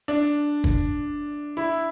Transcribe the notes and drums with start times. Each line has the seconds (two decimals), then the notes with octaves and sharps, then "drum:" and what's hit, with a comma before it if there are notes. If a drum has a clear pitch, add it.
0.08 D4
0.64 drum: kick
1.57 E4